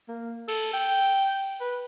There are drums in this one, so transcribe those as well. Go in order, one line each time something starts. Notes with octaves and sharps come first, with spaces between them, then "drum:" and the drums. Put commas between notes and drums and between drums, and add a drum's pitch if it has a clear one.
A#3
A4, drum: cymbal
G5
B4